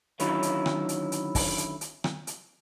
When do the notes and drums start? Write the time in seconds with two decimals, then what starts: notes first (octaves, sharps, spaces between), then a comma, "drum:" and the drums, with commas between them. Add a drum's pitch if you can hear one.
0.20 D3 D#3 F#3 C#4 E4, drum: hi-hat
0.43 drum: hi-hat
0.66 drum: rim click
0.89 drum: hi-hat
1.12 drum: hi-hat
1.35 drum: kick, open hi-hat
1.58 drum: hi-hat
1.81 drum: hi-hat
2.04 drum: rim click
2.27 drum: hi-hat